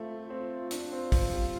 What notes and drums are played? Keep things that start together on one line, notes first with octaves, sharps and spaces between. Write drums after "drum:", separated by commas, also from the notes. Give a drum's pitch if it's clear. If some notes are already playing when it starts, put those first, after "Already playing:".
Already playing: A3 C4 F4
C4 F4
D4 F4, drum: hi-hat
C4
C4, drum: kick, open hi-hat
G3